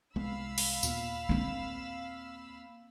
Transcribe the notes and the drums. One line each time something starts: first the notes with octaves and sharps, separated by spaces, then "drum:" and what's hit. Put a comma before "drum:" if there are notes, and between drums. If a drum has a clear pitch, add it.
C2 G#3 B3 F5 B5 E6
drum: open hi-hat
D#2 A#2 B3, drum: tambourine
A#3 C4